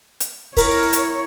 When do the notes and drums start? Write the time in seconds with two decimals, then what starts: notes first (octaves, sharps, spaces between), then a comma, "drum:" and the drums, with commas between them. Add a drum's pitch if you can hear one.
0.20 drum: hi-hat
0.57 E4 A#4 C#5, drum: kick, open hi-hat
0.93 drum: hi-hat